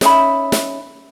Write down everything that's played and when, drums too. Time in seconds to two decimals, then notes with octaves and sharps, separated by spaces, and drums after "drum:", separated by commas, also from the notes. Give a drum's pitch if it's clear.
0.01 C#4 D#4 E5 B5, drum: snare
0.52 drum: snare